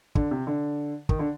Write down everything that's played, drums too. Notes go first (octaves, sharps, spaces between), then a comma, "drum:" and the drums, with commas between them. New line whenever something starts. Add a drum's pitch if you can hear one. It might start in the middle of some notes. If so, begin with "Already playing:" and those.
D3, drum: kick
C3
D3
D#3, drum: kick
D3